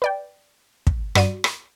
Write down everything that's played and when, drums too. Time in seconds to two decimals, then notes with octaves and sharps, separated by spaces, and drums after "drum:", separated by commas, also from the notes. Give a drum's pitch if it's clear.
0.02 B4 D5 G5
0.87 drum: kick
1.15 G2 F#4 D5 D#7, drum: rim click
1.44 drum: rim click